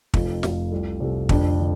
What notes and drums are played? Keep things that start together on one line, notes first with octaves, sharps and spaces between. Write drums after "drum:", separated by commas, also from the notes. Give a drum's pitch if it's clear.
F1 F2 F3, drum: kick
F1 F2 F3, drum: snare
C2 C3 G3 F4 A4
C2 C3 G3 F4 A4
F1 F2 D3 F3 D4, drum: kick
D3